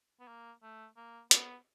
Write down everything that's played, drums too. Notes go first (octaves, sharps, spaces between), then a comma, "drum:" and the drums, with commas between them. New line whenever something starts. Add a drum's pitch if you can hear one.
B3
A#3
A3
A#3
B3, drum: hi-hat